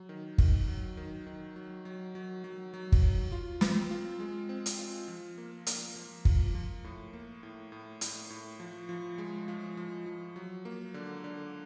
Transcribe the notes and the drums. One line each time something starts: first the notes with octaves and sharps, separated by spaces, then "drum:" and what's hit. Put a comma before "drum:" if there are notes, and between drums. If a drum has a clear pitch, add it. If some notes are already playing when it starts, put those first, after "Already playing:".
Already playing: F#3
D#3
D#3, drum: kick
F#3
D#3
D#3
F#3
F#3
F#3
F#3
F#3
drum: kick
F#3
F4
C4, drum: snare
F4
G#3
C4
drum: hi-hat
F4
F3
A#3
A#3, drum: hi-hat
F3
F3, drum: kick
F3
A2
A#3
A2
A2
A2, drum: hi-hat
A2
F3
F3
G#3
F3
F3
F3
F#3
A#3
D3
D3